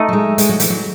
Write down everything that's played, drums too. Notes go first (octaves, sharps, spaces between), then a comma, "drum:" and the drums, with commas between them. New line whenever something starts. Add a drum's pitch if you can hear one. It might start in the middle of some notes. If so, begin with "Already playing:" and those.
Already playing: A3 D#4 A4 D#5
F#3
G#3
G#3, drum: hi-hat
F#3
E3, drum: hi-hat
F#3